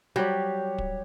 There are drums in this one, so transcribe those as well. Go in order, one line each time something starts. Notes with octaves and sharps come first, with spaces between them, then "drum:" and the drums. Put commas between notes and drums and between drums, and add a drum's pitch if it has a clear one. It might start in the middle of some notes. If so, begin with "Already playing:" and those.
F#3 G3 G4 C#5
drum: kick